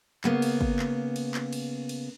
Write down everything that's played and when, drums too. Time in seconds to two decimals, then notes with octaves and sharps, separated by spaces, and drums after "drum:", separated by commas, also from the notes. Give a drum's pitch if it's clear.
0.24 C#3 A#3 B3, drum: clap
0.42 drum: cymbal
0.61 drum: kick
0.79 drum: clap
1.16 drum: cymbal
1.34 drum: clap
1.53 drum: cymbal
1.89 drum: cymbal